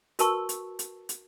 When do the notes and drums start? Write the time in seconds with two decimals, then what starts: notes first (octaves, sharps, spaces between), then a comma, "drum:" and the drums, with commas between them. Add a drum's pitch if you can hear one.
0.19 F#4 A#4 B4 A5 C#6 E6, drum: hi-hat
0.49 drum: hi-hat
0.79 drum: hi-hat
1.09 drum: hi-hat